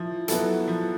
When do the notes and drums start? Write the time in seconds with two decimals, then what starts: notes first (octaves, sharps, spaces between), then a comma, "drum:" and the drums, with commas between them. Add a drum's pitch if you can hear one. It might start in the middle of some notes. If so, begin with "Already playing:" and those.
Already playing: F3 E4
0.28 F#3 B3 E4 A4, drum: hi-hat
0.68 F3